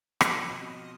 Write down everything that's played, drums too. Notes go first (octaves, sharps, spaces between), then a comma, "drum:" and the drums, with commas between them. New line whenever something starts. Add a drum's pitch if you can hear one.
F3 C4 C#4, drum: rim click
B2 D#5 D#6